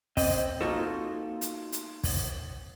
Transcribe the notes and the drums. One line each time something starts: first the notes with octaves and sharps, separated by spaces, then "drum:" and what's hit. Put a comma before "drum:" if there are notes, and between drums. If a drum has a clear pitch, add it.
C4 D#5, drum: kick, open hi-hat
A#3 D#4 F4 F#4 A4
drum: hi-hat
drum: hi-hat
drum: kick, open hi-hat